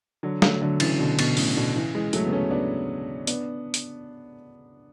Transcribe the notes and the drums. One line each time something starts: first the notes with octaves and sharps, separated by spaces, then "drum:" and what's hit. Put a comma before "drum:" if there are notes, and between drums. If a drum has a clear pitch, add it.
D3 F#3
F#3 A3, drum: snare
D3 F#3
C#3 E3, drum: cymbal
B2 D3
B2, drum: cymbal
A2 C#3, drum: open hi-hat
B2 D3
C#3 E3
E3 G#3
F#3 A3, drum: hi-hat
B3
A3 C#4
B3 D4
B3 D4, drum: hi-hat
drum: hi-hat